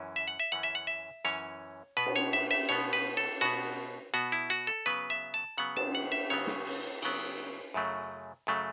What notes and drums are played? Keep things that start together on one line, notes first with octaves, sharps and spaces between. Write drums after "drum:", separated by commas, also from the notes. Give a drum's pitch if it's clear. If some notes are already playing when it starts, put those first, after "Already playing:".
Already playing: F#2 E3 C#4
E5
F#5
E5
F#2 E3 C#4 F#5
E5
F#5
E5
F#2 E3 C#4 C#5
B2 B3 B4
drum: cymbal
C#5
E5
E5
B2 B3 C#5
B4
A4
B2 B3 F#4
B2 B3 F#4
E4
F#4
A4
C#3 F#3 B3 B4
E5
A5
C#3 F#3 B3 F#5
A5, drum: cymbal
F#5
E5
C#3 F#3 B3 C#5
drum: snare
drum: open hi-hat
C#3 F#3 B3, drum: cymbal
F#2 C#3 F#3 A3
F#2 C#3 F#3 A3